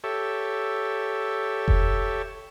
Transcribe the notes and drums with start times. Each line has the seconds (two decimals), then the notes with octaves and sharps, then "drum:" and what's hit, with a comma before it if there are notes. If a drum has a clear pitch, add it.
0.04 G4 A4 C#5 E5
1.68 drum: kick F1